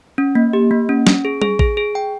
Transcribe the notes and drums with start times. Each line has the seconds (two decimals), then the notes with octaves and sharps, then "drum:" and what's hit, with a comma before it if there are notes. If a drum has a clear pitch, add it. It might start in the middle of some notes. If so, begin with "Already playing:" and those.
0.18 C#4
0.35 A#3
0.53 G4
0.71 A#3
0.89 C#4
1.07 C#4, drum: snare
1.25 G#4
1.42 G#4, drum: tom G3
1.59 G#4, drum: kick A1
1.77 G#4
1.95 G5